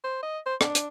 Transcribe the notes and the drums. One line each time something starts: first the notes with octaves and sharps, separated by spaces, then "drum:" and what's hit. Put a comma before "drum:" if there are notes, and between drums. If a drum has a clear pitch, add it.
C5
D#5
C5
D4, drum: rim click
drum: hi-hat